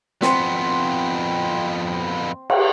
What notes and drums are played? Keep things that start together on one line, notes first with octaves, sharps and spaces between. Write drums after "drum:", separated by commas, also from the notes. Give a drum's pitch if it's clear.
F2 B3 C4 C5, drum: snare
drum: cymbal